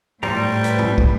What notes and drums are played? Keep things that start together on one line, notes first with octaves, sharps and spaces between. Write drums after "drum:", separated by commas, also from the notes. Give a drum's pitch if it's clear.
A2 G3 C5 G5 A#5, drum: tom G#2
B4, drum: hi-hat
drum: tom G#2
drum: kick